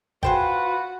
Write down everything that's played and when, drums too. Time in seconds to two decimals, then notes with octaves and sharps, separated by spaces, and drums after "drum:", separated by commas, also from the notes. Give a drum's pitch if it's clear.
0.23 F4 F#4 G#4 B4 C5 G5, drum: kick G#1